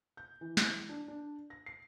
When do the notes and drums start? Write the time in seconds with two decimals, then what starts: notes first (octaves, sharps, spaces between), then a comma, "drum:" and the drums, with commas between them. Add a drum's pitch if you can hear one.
0.17 G6
0.41 E3
0.57 drum: snare
0.89 D4
1.08 D4
1.50 A#6
1.66 C7